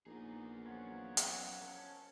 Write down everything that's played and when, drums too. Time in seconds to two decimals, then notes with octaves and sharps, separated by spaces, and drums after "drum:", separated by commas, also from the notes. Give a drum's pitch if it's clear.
0.06 A#1 B3 D#4 G#4
0.65 F#3 C#4 F4 C5 C#5 F#5
1.17 drum: hi-hat
1.62 C#4 A#4 A5